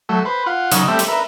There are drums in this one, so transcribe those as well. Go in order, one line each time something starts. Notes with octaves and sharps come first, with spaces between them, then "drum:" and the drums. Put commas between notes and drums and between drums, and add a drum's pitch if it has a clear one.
F#3 A3
B4 C5
F4 F#5
C#3 F#3 D#4, drum: hi-hat
G3 A3 C4 E5
drum: hi-hat
A#4 B4 E5